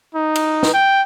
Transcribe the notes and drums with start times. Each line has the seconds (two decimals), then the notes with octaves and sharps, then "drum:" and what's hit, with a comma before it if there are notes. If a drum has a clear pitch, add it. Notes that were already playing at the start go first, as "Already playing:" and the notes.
0.15 D#4
0.35 drum: cymbal
0.63 drum: snare
0.73 G5